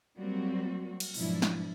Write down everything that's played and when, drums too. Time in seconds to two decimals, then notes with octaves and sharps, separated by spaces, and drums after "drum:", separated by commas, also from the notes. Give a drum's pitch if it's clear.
0.18 F#3 G3 A#3 C4 F#4
1.00 drum: cymbal
1.14 G#2 B2 F3 F#3 D4 E4, drum: open hi-hat
1.42 drum: snare